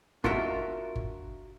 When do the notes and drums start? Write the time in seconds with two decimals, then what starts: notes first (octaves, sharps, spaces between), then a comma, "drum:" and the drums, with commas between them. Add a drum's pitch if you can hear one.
0.24 D4 F4 F#4 A#4 D#5 E5, drum: kick G1
0.95 drum: kick G1